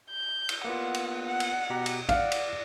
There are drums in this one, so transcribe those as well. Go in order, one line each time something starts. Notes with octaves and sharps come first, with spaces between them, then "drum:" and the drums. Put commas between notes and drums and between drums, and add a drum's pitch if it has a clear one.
G6
drum: cymbal
A#3 B3 F4 F#5
drum: cymbal
F#5
drum: cymbal
B2 G4 A#5
drum: cymbal
D5 F5 F#5 D6, drum: kick, cymbal
drum: cymbal